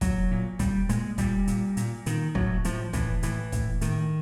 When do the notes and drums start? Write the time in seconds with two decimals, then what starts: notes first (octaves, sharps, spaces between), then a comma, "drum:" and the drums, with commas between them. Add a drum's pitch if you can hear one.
0.01 A#2 F#3, drum: kick, hi-hat
0.31 A#2
0.59 A#2 G3, drum: kick, hi-hat
0.89 A#2 G#3, drum: hi-hat
1.18 A#2 G3, drum: kick, hi-hat
1.47 A#2, drum: hi-hat
1.77 A#2, drum: hi-hat
2.06 A#2 D#3, drum: hi-hat
2.35 A2 F#3, drum: kick
2.64 A2 F3, drum: hi-hat
2.93 A2 E3, drum: kick, hi-hat
3.23 A2 E3, drum: hi-hat
3.52 A2, drum: kick, hi-hat
3.81 A2 D#3, drum: hi-hat